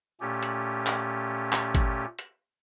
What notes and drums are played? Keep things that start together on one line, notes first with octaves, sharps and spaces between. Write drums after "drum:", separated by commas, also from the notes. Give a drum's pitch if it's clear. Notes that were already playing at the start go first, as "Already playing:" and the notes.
A#2 A3 C#4 G4
drum: hi-hat
drum: clap
drum: clap
drum: kick, hi-hat
drum: hi-hat